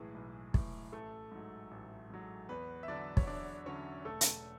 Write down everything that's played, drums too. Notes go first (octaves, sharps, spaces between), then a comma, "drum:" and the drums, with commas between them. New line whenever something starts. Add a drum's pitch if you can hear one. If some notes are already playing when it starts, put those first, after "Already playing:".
Already playing: B1 A2 E3 G#3 G#4
B1
A2 E3, drum: kick
A1 A3 A4
G#2 F#3
A1
G#2 F#3
E2 B3 B4
E5
D3 F#3 D4 D5
C#5, drum: kick
E2 D4 D5
D3 F#3 C#4 C#5
E1 A3 A4
drum: hi-hat